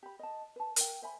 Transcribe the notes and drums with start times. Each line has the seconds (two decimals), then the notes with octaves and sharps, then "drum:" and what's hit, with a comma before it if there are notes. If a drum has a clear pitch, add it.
0.03 G4 B5
0.19 D#5 A5
0.56 B4 A5
0.76 A#4 G5, drum: hi-hat
1.02 C5 E5 G#5 B5